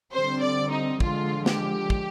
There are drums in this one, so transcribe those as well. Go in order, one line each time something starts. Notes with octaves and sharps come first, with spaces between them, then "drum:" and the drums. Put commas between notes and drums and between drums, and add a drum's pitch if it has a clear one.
D3 G3 C4 C5
D5
D#4
D3 F3 G#3 F4, drum: kick
G4, drum: snare
drum: kick